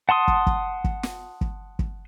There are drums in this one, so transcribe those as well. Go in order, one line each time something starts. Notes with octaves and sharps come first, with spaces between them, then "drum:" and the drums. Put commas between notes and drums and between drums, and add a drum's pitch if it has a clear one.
F#5 A5 C6 D#6
drum: kick
drum: kick
drum: kick
drum: snare
drum: kick
drum: kick